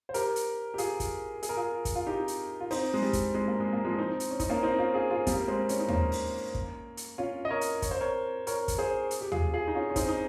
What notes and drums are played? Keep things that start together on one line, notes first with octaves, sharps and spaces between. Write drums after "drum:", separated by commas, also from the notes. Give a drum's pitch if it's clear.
C5
G4 A#4, drum: hi-hat
drum: hi-hat
G4
F4 G#4, drum: hi-hat
drum: kick, hi-hat
G#4, drum: hi-hat
A#4
F4 G#4
drum: kick, hi-hat
F4
D#4 G4
drum: hi-hat
F4
C4 D#4, drum: open hi-hat
G#3
G3
drum: kick, hi-hat
G#3
A#3
G#3
A#3
F3 G#3
C4 D#4
drum: hi-hat
C#4
D#4, drum: kick, hi-hat
A#3 C#4
C4 D#4
C#4 F4
F4 G#4
F4 G#4
G3 A#3, drum: kick, hi-hat
G#3 C4
C#4, drum: hi-hat
D#4
A#3 C#4, drum: tom D#2
drum: open hi-hat
drum: kick
drum: hi-hat
C#4 F4
D#5
A#4 C#5
drum: hi-hat
C#5, drum: kick, hi-hat
C5
A#4 C#5
A#4 C#5, drum: hi-hat
drum: kick, hi-hat
G#4 C5
drum: hi-hat
G4
F4 G#4, drum: tom D#2
F4 G#4
D#4
C#4 F4
C#4
C4 D#4, drum: kick, hi-hat
D#4